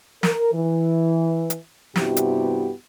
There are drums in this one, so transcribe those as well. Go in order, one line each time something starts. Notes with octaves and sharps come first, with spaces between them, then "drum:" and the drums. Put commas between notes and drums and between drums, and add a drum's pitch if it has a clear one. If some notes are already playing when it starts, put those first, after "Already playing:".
A#4, drum: snare
E3
drum: hi-hat
G2 C3 B3 E4 F#4 G4, drum: snare
drum: hi-hat